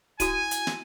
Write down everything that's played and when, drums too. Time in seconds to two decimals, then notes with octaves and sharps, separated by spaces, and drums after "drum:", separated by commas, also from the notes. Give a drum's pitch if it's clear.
0.20 E4 F#4 G#5 D#6 D#7, drum: kick D1, hi-hat
0.51 drum: hi-hat
0.67 drum: snare